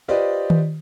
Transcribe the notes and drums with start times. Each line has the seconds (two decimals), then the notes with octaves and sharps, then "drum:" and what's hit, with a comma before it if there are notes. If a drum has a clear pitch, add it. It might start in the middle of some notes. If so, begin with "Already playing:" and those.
0.08 F4 G4 B4 C5 D5 D#5
0.50 drum: tom D#3